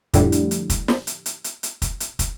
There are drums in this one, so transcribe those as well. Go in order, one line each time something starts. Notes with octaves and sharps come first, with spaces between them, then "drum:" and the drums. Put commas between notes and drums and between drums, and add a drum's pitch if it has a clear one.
F2 A2 D3 G3, drum: kick, hi-hat
drum: hi-hat
drum: hi-hat
drum: kick, hi-hat
drum: snare
drum: hi-hat
drum: hi-hat
drum: hi-hat
drum: hi-hat
drum: kick, hi-hat
drum: hi-hat
drum: kick, hi-hat